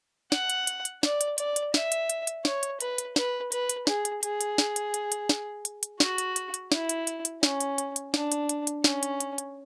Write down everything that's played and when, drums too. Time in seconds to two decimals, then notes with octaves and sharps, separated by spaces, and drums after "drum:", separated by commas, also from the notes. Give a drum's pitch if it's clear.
0.32 F#5, drum: snare
0.50 drum: hi-hat
0.67 drum: hi-hat
0.85 drum: hi-hat
1.03 D5, drum: snare
1.21 drum: hi-hat
1.38 D5, drum: hi-hat
1.56 drum: hi-hat
1.74 E5, drum: snare
1.92 drum: hi-hat
2.10 drum: hi-hat
2.27 drum: hi-hat
2.45 C#5, drum: snare
2.63 drum: hi-hat
2.80 B4, drum: hi-hat
2.98 drum: hi-hat
3.16 B4, drum: snare
3.52 B4, drum: hi-hat
3.69 drum: hi-hat
3.87 G#4, drum: snare
4.05 drum: hi-hat
4.23 G#4, drum: hi-hat
4.41 drum: hi-hat
4.58 drum: snare
4.76 drum: hi-hat
4.94 drum: hi-hat
5.12 drum: hi-hat
5.29 drum: snare
5.65 drum: hi-hat
5.83 drum: hi-hat
6.00 F#4, drum: snare
6.18 drum: hi-hat
6.36 drum: hi-hat
6.54 drum: hi-hat
6.72 E4, drum: snare
6.89 drum: hi-hat
7.07 drum: hi-hat
7.25 drum: hi-hat
7.43 C#4, drum: snare
7.60 drum: hi-hat
7.78 drum: hi-hat
7.96 drum: hi-hat
8.14 D4, drum: snare
8.32 drum: hi-hat
8.49 drum: hi-hat
8.67 drum: hi-hat
8.84 C#4, drum: snare
9.03 drum: hi-hat
9.20 drum: hi-hat
9.38 drum: hi-hat